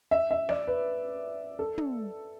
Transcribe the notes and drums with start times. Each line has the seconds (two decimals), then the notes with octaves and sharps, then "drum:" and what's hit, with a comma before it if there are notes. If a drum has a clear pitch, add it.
0.11 E5
0.31 E5
0.49 D5, drum: snare
0.67 B4
1.59 A4
1.78 drum: tom